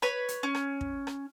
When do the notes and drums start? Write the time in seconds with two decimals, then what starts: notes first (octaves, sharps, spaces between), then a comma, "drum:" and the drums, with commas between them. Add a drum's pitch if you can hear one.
0.02 B4 C#5 B5, drum: rim click
0.28 drum: hi-hat
0.43 C#4
0.55 drum: rim click
0.81 drum: kick
1.07 drum: rim click